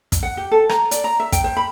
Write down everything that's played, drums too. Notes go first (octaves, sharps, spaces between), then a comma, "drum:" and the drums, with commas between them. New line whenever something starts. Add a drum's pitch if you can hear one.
drum: kick, hi-hat
F#5
G4
A4
A#5, drum: rim click
D5, drum: hi-hat
A#5
E5
G5, drum: kick, hi-hat
C5
B5